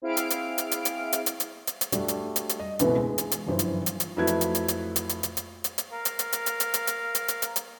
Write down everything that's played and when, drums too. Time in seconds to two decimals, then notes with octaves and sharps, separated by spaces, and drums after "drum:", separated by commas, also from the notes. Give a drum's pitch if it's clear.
0.02 C4 E4 G#4 F5 F6 D7
0.17 drum: hi-hat
0.30 drum: hi-hat
0.58 drum: hi-hat
0.71 drum: hi-hat
0.85 drum: hi-hat
1.13 drum: hi-hat
1.26 drum: hi-hat
1.40 drum: hi-hat
1.67 drum: hi-hat
1.81 drum: hi-hat
1.92 G3 A3 D4 F#4, drum: hi-hat
2.08 drum: hi-hat
2.36 drum: hi-hat
2.49 drum: hi-hat
2.60 D#5
2.79 C#2 B2 E3 A3 B3 C4, drum: hi-hat
2.96 G#3
3.18 drum: hi-hat
3.31 drum: hi-hat
3.46 F#1 G2 E3 F3 C5
3.59 drum: hi-hat
3.86 drum: hi-hat
4.00 drum: hi-hat
4.17 F2 F#3 A3 E4 B4 G#6
4.27 drum: hi-hat
4.41 drum: hi-hat
4.55 drum: hi-hat
4.68 drum: hi-hat
4.96 drum: hi-hat
5.09 drum: hi-hat
5.23 drum: hi-hat
5.37 drum: hi-hat
5.64 drum: hi-hat
5.78 drum: hi-hat
5.91 A#4 F5
6.05 drum: hi-hat
6.19 drum: hi-hat
6.33 drum: hi-hat
6.46 drum: hi-hat
6.60 drum: hi-hat
6.74 drum: hi-hat
6.87 drum: hi-hat
7.15 drum: hi-hat
7.28 drum: hi-hat
7.42 drum: hi-hat
7.56 drum: hi-hat